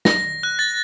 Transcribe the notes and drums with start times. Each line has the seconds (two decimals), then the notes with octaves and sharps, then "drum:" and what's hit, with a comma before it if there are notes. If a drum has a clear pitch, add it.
0.05 A#6, drum: snare
0.43 F#6
0.59 A6